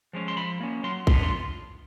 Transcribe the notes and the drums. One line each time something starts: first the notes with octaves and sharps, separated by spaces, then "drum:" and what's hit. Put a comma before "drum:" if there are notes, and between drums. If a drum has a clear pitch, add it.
F3 G#3 C#4
C6
F3 B5
A#3 C#4
F#3 C6
B3 D4 F4 C6, drum: kick A#1
C6